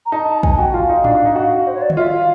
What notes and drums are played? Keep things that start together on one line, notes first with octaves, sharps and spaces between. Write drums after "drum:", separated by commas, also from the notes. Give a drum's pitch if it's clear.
A#5
D#4 A5
A5
G#5, drum: kick
F#4 G5
F4 F5
D#4
D4, drum: tom G#2
D4
D#4
F#4 F5
C5
C#5
D5
D#5, drum: tom
F4 E5
F5